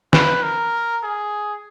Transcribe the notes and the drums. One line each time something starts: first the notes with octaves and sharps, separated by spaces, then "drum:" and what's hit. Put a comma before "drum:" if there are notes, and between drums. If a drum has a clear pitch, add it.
B4, drum: snare
A#4
G#4